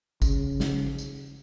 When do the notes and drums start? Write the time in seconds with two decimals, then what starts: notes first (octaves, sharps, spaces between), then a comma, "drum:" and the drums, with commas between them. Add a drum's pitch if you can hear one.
0.22 C#3, drum: kick, tambourine
0.60 drum: snare
0.98 drum: tambourine